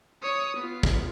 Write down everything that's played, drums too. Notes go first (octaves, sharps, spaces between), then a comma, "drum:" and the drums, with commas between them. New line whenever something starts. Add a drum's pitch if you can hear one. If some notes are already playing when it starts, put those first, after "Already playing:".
C#5 D#6
B3 F4
drum: kick